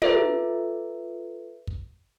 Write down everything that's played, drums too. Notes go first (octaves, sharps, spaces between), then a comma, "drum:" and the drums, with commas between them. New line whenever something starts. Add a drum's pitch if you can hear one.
F4 A4 B4 E5, drum: tom
drum: kick